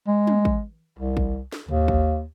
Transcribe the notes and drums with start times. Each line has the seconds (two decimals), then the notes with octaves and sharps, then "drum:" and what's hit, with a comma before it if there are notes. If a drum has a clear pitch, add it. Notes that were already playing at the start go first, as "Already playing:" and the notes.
0.07 G#3
0.27 drum: tom
0.45 drum: kick
0.99 C2
1.17 drum: kick
1.52 drum: snare
1.69 D#2, drum: tom
1.88 drum: kick